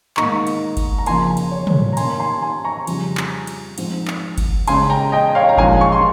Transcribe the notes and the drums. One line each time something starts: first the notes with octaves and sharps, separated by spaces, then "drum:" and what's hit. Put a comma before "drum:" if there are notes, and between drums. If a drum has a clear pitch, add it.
G#2 D#3 A#3 D#4 A#5 C#6, drum: clap
drum: cymbal
drum: kick G1, cymbal
A#5
F2 C#3 F3 A#3 G#5 C6, drum: cymbal
drum: cymbal
C#5
drum: tom
A#5
D#3 A#3 C#4 G#5 C6, drum: cymbal
G#5 C6
G#5 C6
A#5 C#6
F2 C#3 G3, drum: cymbal
drum: clap
drum: cymbal
G#2 F3 C4, drum: cymbal
drum: clap
drum: kick G1, cymbal
C#3 G#3 C#4 G#5 C6, drum: cymbal
G5 A#5
D#5 G5
C#5 F5
A#5
A#2 F3 G#3 C#4 F5 G#5, drum: kick G1
C#6
C6